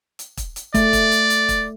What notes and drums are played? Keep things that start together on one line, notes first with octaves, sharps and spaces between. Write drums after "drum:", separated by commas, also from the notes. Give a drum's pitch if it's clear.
drum: hi-hat
drum: kick, hi-hat
drum: hi-hat
A3 D5, drum: kick, hi-hat
drum: kick, hi-hat
drum: hi-hat
drum: hi-hat
drum: kick, hi-hat